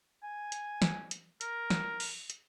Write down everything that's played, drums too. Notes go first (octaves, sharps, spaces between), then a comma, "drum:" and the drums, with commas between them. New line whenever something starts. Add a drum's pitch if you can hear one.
G#5
drum: hi-hat
drum: snare
drum: hi-hat
A#4, drum: hi-hat
drum: snare
drum: open hi-hat
drum: hi-hat